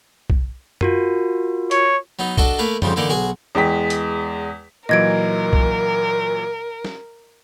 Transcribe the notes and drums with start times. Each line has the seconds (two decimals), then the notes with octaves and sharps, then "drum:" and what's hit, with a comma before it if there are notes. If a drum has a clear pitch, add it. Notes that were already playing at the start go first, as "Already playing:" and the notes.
0.30 drum: kick
0.81 F4 F#4 A#4, drum: tom F#2
1.71 C#5, drum: hi-hat
2.19 F#3 B3 D#4
2.38 D4 F#4 A4 D#5, drum: kick
2.59 A3 A#3 B4 F5
2.82 F2 G#2 C#3 F3 G3, drum: tom F#2
2.96 D3 E3 A#3 D#4 D5
3.09 B1 F#4 G#4 G#5
3.55 E2 G#3 G5 B6
3.90 drum: hi-hat
4.89 A#2 E3 F#3 A#4 D#5 G#6 D7
5.53 drum: kick
6.85 drum: snare